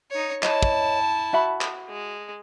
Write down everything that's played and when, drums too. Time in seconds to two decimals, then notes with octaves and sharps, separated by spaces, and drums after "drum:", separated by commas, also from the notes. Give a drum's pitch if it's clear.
0.11 D#4 C#5
0.43 E4 C#5 D#5 A5, drum: clap
0.63 drum: kick
1.33 F#4 E5 B5
1.61 drum: clap
1.89 G#3